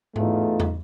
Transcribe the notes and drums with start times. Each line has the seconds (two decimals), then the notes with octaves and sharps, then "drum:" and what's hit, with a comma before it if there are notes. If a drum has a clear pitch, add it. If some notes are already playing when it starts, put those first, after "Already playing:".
0.16 E2 A2 A3 D#4 F4, drum: tom G#2
0.60 drum: tom E2